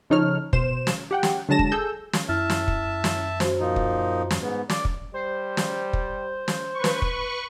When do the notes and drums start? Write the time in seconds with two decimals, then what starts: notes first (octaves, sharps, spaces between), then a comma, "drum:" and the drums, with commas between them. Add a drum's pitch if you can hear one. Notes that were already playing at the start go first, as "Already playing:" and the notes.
0.10 C#3 F3 D#4 A4 C#5 F6
0.53 B2 C5 E7, drum: kick
0.87 drum: snare
1.11 G4 F#5 G5
1.23 drum: snare
1.49 D3 F#3 G#3 A5 A#6 E7
1.59 drum: kick
1.72 G#4 A4 E6 G6
2.13 drum: snare
2.29 F#2 E4 E5 A5 F6
2.50 drum: snare
2.68 drum: kick
3.04 drum: snare
3.40 F#4 C5, drum: snare
3.60 A#2 F3 D#4
3.76 drum: kick
4.31 drum: snare
4.42 G#2 B3
4.70 D5, drum: snare
4.85 drum: kick
5.14 G3 C5
5.57 drum: snare
5.93 drum: kick
6.48 drum: snare
6.74 B4 C#6
6.84 drum: snare
7.02 drum: kick